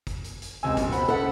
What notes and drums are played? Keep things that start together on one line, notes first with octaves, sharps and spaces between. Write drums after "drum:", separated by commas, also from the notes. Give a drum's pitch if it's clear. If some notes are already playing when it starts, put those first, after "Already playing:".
drum: kick, hi-hat
drum: hi-hat
drum: hi-hat
C#2 C3 G#5 E6
D1 B2, drum: kick, hi-hat
C5 F#5 B5, drum: hi-hat
C#3 A4 F#5 B5